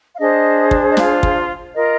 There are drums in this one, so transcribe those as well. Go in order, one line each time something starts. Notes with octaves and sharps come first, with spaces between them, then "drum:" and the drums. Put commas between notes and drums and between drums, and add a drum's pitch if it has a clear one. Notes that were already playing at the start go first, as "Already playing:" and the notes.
F5
D4 G#4 C5 D#5
drum: kick
D#5
F4 F5, drum: snare
drum: kick
F4 A#4 D#5